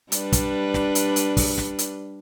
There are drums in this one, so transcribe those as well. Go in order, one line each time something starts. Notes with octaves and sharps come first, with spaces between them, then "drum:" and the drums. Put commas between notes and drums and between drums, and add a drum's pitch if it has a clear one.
G3 D4 B4, drum: hi-hat
drum: kick, hi-hat
drum: snare
drum: hi-hat
drum: hi-hat
drum: kick, open hi-hat
drum: snare
drum: hi-hat